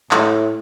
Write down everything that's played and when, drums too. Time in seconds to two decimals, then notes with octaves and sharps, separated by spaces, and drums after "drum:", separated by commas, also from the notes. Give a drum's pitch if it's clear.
0.11 A2, drum: clap